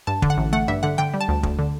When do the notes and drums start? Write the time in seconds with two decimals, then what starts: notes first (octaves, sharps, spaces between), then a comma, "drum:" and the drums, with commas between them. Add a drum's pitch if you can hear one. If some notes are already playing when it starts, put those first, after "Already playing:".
0.07 G2 A5
0.22 D3, drum: kick
0.30 F#5
0.37 A1
0.53 A3 F#5
0.68 G2 E5
0.83 D3 F#5
0.98 D3 G5
1.14 G3
1.21 A5
1.29 D2
1.43 D2, drum: kick
1.59 D3